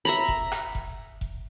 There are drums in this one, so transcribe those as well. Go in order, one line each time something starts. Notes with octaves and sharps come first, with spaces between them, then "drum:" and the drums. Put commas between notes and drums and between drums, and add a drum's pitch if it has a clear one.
E5 A#5 B5
drum: kick F1
drum: rim click
drum: kick F1
drum: kick F1